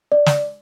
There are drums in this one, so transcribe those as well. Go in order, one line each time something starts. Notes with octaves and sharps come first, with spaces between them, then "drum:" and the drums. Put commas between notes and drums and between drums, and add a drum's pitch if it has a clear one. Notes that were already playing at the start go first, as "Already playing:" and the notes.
D5
drum: snare